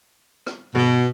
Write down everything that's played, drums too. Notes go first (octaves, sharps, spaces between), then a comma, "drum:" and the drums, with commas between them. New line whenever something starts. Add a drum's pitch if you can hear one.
drum: rim click
B2, drum: tom G2